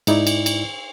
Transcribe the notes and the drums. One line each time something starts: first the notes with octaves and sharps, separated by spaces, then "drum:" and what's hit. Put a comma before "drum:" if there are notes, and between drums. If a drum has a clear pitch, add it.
G#2 D#4 E4 D5, drum: cymbal
drum: cymbal
drum: cymbal